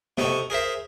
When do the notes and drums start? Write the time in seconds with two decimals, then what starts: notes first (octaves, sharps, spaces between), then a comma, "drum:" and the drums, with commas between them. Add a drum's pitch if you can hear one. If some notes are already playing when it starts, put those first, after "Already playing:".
0.18 C3 D#4 A4 C#6, drum: snare
0.50 G#4 A#4 C5 E5